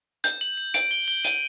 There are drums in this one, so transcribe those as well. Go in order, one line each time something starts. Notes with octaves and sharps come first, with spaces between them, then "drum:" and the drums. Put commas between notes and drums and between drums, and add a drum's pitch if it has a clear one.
G6, drum: hi-hat
F#7
F#7
D7, drum: hi-hat
G7
G7
D#7, drum: hi-hat